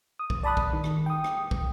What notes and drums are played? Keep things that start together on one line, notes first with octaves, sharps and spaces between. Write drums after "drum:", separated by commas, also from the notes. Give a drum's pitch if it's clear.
D#6
drum: kick
D5 A5 B5 D#6 F#6
drum: kick
D#3
drum: rim click
G5 D#6
drum: rim click
drum: kick